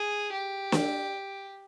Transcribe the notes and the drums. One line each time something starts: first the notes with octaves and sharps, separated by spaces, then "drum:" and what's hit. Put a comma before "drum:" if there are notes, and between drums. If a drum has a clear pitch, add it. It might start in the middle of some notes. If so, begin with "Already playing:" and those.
Already playing: G#4
G4
drum: snare